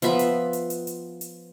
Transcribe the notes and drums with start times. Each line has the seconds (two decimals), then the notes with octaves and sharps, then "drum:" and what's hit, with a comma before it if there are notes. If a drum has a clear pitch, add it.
0.02 F3 B3 E5 B5, drum: hi-hat
0.19 drum: hi-hat
0.53 drum: hi-hat
0.70 drum: hi-hat
0.87 drum: hi-hat
1.21 drum: hi-hat